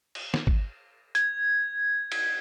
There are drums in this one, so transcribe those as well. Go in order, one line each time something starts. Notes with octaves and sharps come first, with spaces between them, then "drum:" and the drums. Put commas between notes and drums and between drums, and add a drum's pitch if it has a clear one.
drum: cymbal
drum: snare
drum: kick
G#6, drum: hi-hat
drum: cymbal